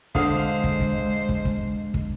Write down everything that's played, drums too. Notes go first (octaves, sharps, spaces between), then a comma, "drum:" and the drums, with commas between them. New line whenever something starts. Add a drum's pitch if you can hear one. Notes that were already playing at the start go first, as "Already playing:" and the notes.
D3 G#3 C5 F5 D#6, drum: kick
drum: kick
drum: kick
drum: kick
drum: kick
drum: kick